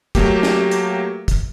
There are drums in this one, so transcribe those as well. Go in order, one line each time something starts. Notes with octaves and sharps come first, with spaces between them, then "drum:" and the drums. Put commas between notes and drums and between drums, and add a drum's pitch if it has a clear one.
F#3 A3 A#3 G4, drum: kick, hi-hat
drum: snare
drum: hi-hat
drum: kick, hi-hat